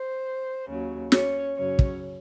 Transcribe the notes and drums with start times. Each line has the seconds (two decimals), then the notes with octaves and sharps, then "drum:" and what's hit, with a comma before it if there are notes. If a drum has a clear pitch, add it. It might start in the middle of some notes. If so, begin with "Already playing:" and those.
Already playing: C5
0.68 D#2 C#3 F#3
1.12 C#4 C#5, drum: snare
1.56 F#2 C#3 F#3 C#4 C#5
1.79 drum: kick